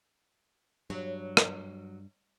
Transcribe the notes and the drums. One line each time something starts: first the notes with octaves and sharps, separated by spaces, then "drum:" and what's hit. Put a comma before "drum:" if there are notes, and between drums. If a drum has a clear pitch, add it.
G2 F#3
drum: rim click